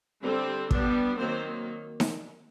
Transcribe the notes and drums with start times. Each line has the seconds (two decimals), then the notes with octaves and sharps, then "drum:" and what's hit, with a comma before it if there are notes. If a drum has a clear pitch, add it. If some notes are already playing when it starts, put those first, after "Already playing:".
0.22 D3 G3 C4
0.71 G3 B3 D4, drum: kick
1.18 D#3 F#3 A#3 C4 C5
2.00 drum: snare D#4